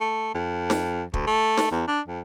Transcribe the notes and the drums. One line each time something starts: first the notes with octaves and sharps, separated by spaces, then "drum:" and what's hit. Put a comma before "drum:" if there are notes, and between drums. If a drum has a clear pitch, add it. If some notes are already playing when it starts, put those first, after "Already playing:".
A3
F2
drum: snare
D2, drum: kick
A3
drum: snare
E2
D4
F2